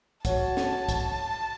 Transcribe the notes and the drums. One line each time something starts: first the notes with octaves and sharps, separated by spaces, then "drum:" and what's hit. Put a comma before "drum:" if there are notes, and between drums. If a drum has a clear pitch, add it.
F#4 C#5 F#5 A5, drum: kick, hi-hat
drum: snare
drum: kick, hi-hat